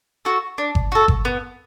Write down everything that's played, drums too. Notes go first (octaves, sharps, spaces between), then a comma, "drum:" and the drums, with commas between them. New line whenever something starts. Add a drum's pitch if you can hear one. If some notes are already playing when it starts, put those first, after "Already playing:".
F#4 A4
D4
drum: kick G1
F#4 A4
drum: kick G1
B3